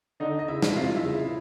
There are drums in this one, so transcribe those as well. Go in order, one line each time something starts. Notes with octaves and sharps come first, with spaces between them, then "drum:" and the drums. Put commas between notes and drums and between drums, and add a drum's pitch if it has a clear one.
D3 D#4 D#5
D#5
C#3 E4 E5
drum: snare
C3 F4 F5
E4 E5
C#3
E4 E5